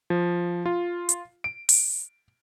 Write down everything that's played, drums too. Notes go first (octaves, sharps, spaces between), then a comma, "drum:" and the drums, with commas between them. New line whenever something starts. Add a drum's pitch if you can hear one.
F3
F4
drum: hi-hat
D7
drum: open hi-hat